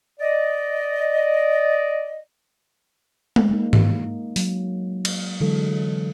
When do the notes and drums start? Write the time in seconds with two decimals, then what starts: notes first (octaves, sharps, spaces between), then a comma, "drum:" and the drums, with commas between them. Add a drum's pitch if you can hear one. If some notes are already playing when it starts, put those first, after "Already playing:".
0.20 D5 D#5
3.36 drum: tom G#3
3.49 G#3 A#3 D#4
3.73 drum: tom G#2
4.36 F#3, drum: open hi-hat
5.05 drum: cymbal
5.41 D3 E3 F#3 G#3 A4